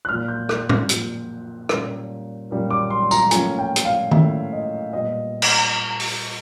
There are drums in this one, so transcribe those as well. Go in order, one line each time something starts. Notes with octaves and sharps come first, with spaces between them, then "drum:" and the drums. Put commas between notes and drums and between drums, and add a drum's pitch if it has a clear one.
F#6
A#2 F3 A#3 F6
G6
F#6, drum: rim click
F6, drum: tom A2
A#2 F3 A#3, drum: hi-hat
A#2 G3 A#3 C#4, drum: rim click
A#2 G3 A#3 C#4
D6
C6
A#5, drum: tambourine
A2 F3 A#3 C#4 G#5, drum: hi-hat
G5
drum: hi-hat
F5
A2 F3 A#3 C#4 E5, drum: tom D#3
D#5
A#2 G3 B3 D#5
drum: cymbal
drum: open hi-hat